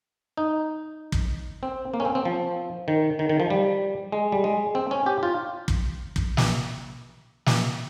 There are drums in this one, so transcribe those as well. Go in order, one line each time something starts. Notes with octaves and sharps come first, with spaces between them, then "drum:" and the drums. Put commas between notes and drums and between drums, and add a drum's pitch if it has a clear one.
D#4
drum: kick
C4
A#3
C#4
C4
C4
F3
D#3
D#3
D#3
F3
G3
G#3
G3
G#3
C4
C#4
G4
F4
drum: kick
drum: kick
drum: snare
drum: snare